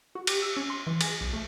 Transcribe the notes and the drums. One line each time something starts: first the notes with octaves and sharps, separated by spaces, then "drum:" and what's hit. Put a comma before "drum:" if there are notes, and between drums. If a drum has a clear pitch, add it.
F#4
G4, drum: cymbal
E6
C#4
C6
E3
G#4, drum: cymbal
B1
A3